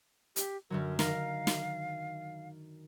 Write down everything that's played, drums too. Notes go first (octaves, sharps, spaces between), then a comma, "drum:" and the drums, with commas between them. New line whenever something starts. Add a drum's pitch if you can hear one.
G4, drum: hi-hat
F#2 D3 F#3 A#4
D#3 A#4 F5 F6, drum: snare
drum: snare